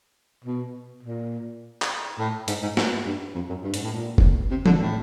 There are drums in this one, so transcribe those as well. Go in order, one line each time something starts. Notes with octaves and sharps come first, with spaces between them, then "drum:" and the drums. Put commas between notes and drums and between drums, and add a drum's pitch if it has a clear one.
B2
A#2
drum: clap
A2
G#2, drum: hi-hat
G#2
G#2, drum: snare
G2
F2
F#2
G2
G#2, drum: hi-hat
A2
A#2
drum: kick F1
C3
D3, drum: tom E3
A2